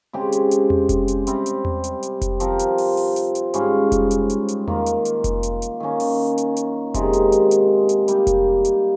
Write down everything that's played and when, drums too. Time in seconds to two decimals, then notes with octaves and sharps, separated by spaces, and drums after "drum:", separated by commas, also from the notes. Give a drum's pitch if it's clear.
0.13 C#3 G#3 C4 G4
0.32 drum: hi-hat
0.51 drum: hi-hat
0.70 drum: tom E2
0.89 drum: kick F1, hi-hat
1.08 drum: hi-hat
1.27 C3 G3 C4 G4, drum: hi-hat
1.46 drum: hi-hat
1.65 drum: tom E2
1.84 drum: hi-hat
2.03 drum: hi-hat
2.21 drum: kick F1, hi-hat
2.40 F3 C4 G4 A#4, drum: hi-hat
2.59 drum: hi-hat
2.78 drum: open hi-hat
2.97 drum: open hi-hat
3.16 drum: hi-hat
3.35 drum: hi-hat
3.54 G#2 G3 C#4 F4, drum: hi-hat
3.92 drum: kick F1, hi-hat
4.11 drum: hi-hat
4.30 drum: hi-hat
4.48 drum: hi-hat
4.68 D#3 A#3 F4, drum: tom E2
4.86 drum: hi-hat
5.05 drum: hi-hat
5.24 drum: kick F1, hi-hat
5.43 drum: hi-hat
5.62 drum: hi-hat
5.80 D#3 A#3 C#4
6.00 drum: open hi-hat
6.38 drum: hi-hat
6.57 drum: hi-hat
6.94 C3 D#3 G#3 D#4, drum: kick F1, hi-hat
7.13 drum: hi-hat
7.32 drum: hi-hat
7.51 drum: hi-hat
7.89 drum: hi-hat
8.08 G3 A#3 D#4, drum: hi-hat
8.27 drum: kick F1, hi-hat
8.65 drum: hi-hat